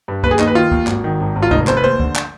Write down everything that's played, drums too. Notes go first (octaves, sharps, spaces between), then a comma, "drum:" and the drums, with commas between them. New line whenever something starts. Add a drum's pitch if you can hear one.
G2
D#2 B4, drum: kick C#2
G#4
D#2 D#4, drum: clap
B4
D#3 F4
D#2, drum: kick C#2
G#1, drum: clap
D#3
G#1
G#1
F4
F1 D#4, drum: kick C#2
F1 C5, drum: clap
B4
D#2 C5
D3, drum: kick C#2
drum: clap